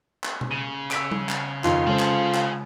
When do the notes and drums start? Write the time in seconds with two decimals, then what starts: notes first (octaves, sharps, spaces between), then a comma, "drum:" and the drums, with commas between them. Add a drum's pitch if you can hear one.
0.24 drum: clap
0.41 drum: tom B2
0.51 C#3 D#7
0.91 E6 B6 D7, drum: clap
1.11 drum: tom G3
1.29 drum: clap
1.64 F2 D#3 F4, drum: clap
1.87 C#3 G#3 G#4 A4 C5 F5
1.99 drum: clap
2.34 drum: clap